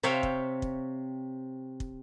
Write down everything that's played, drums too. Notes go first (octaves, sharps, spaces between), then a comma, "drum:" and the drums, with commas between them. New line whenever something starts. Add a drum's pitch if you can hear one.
C3 C5 C#5 E5 F5 G5
drum: kick
drum: kick
drum: kick